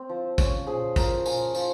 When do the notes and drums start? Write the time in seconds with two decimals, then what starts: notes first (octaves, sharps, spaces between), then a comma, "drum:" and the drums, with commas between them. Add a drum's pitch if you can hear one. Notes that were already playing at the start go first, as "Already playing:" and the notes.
Already playing: C4
0.09 F3
0.38 C#4, drum: kick, tambourine
0.67 F3 G#4
0.96 F3 A#4, drum: kick, tambourine
1.26 F3 G#5, drum: tambourine
1.55 F3, drum: tambourine